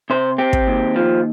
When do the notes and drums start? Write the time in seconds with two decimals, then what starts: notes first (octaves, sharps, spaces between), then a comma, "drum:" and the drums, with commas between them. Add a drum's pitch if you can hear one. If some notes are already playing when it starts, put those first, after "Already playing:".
0.10 C3 C5
0.38 C4 G4
0.53 drum: kick
0.67 D#2
0.96 F3